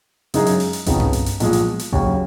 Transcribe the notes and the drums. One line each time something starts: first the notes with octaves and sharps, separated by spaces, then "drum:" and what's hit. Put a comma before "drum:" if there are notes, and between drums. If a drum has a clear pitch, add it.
F#2 C#3 G#3 D#4 G#4, drum: hi-hat
drum: hi-hat
drum: open hi-hat
drum: hi-hat
F2 C#3 G#3 B3 D#4, drum: kick A1, hi-hat
drum: tom G2
drum: hi-hat
drum: hi-hat
B1 A#2 F3 G#3, drum: hi-hat
drum: hi-hat
drum: hi-hat
D#2 C#3 F#3 C#4, drum: kick A1